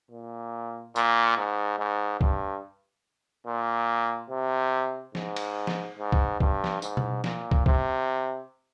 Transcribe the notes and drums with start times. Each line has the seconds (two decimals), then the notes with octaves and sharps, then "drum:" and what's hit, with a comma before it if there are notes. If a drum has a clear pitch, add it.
0.11 A#2
0.96 A#2, drum: tambourine
1.38 G#2
1.79 G#2
2.21 G2, drum: kick
3.47 A#2
4.30 C3
5.15 G#2, drum: snare
5.36 drum: cymbal
5.67 drum: snare
5.98 G#2
6.12 drum: kick
6.40 G2, drum: kick
6.64 drum: snare
6.82 G#2, drum: tambourine
6.97 drum: tom B2
7.24 A#2, drum: snare
7.51 drum: kick
7.66 C3, drum: kick